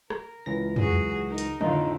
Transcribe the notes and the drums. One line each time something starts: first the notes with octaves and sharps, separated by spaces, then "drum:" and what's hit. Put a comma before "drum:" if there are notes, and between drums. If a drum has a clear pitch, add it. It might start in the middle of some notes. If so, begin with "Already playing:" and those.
A#4, drum: rim click
C#2 E3 A#6
F#3 F#4 G#4, drum: tom
D#4 A#4
drum: hi-hat
F2 A2 D3 D#4 F4, drum: tom